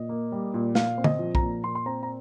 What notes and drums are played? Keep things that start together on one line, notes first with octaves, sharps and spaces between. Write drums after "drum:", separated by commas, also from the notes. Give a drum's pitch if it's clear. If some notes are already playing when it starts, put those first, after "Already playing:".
Already playing: A#2 D#5
A#3
G3
A#2
A#2 F5, drum: snare
C4
D#5, drum: tom D3
F3
A#5, drum: kick B1
A#2
A#2 C6
C6
C4 A#5
A#5